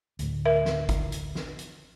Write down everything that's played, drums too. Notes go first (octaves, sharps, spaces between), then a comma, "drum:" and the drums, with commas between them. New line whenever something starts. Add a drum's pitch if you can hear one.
D2 A2, drum: hi-hat
A#4 E5
drum: snare
drum: kick, hi-hat
drum: hi-hat
drum: snare
drum: hi-hat